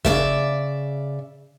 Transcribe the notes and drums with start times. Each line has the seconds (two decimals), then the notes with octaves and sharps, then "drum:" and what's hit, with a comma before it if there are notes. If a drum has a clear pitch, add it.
0.05 C#3 D5 E5, drum: snare